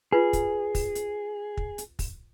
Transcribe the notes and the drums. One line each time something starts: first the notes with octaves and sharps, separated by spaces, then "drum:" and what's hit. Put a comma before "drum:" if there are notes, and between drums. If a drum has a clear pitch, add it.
F4 G#4 B4
drum: kick, hi-hat
drum: kick, open hi-hat
drum: hi-hat
drum: kick
drum: hi-hat
drum: kick, open hi-hat